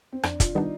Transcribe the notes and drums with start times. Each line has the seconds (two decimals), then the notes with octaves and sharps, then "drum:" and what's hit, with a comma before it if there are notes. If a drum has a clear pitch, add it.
0.13 C4
0.23 F2 D4, drum: rim click
0.40 F4, drum: kick, hi-hat
0.55 D#3 G3 B3 D4 D#4